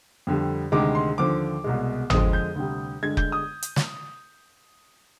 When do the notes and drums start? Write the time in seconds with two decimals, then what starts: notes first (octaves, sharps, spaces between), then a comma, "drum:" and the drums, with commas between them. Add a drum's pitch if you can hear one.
0.27 F2 D3 G3
0.72 D2 C3 D#3 G#3 D6
0.95 C6
1.18 D#2 D3 F3 D6
1.64 C2 B2 G#3
2.10 F2 D3 F3 G#3 D#6, drum: tom
2.33 G6
2.56 D2 C3 G3
3.03 G2 D3 G#3 G#6
3.17 G6, drum: kick F1
3.32 D#6
3.63 drum: hi-hat
3.76 drum: snare